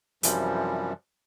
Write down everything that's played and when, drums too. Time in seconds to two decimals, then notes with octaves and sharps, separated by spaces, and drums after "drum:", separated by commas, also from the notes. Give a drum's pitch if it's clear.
0.23 F#2 C3 E3 F3 G3, drum: hi-hat